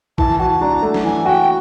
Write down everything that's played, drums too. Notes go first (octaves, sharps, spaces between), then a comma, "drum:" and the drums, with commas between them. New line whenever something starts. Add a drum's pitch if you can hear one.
E3 A5, drum: kick A#1
F#4 A5
D4 A#5
A3
drum: snare
E3 G#5
F#4 G5